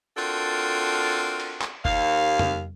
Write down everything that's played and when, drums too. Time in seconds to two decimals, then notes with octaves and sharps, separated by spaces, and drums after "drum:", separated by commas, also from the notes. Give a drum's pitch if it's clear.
0.17 C4 D4 F4 F#4 A4 A#4
1.40 drum: cymbal
1.61 drum: clap
1.85 D#2 F5, drum: kick F#1
2.39 drum: tom